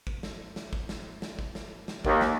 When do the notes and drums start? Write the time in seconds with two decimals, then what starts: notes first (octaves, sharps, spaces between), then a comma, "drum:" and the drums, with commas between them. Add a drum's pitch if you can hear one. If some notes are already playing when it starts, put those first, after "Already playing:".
0.07 drum: kick
0.23 drum: snare
0.56 drum: snare
0.73 drum: kick
0.89 drum: snare
1.22 drum: snare
1.39 drum: kick
1.55 drum: snare
1.88 drum: snare
2.05 D#2, drum: kick
2.21 drum: snare